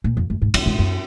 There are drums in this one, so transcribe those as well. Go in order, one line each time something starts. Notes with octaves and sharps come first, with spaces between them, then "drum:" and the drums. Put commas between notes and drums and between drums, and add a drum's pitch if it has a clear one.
A#2
F2
F#2
G#2
F#2, drum: cymbal
G#2
F#2